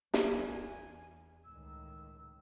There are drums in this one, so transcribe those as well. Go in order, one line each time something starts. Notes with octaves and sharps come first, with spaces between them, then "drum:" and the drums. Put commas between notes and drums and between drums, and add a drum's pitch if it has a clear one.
E2 G#5, drum: snare
C#2 A2 D#3 E6